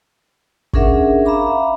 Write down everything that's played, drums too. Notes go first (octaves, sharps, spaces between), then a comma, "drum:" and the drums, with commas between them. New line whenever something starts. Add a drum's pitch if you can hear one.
C#4 D4 G#4 A#4 E5 F#5, drum: kick G1
E5 F5 A#5 B5 D6